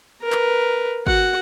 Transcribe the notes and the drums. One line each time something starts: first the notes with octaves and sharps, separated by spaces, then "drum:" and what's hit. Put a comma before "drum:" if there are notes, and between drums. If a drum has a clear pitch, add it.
A#4 B4
drum: clap
F#4 F#5, drum: kick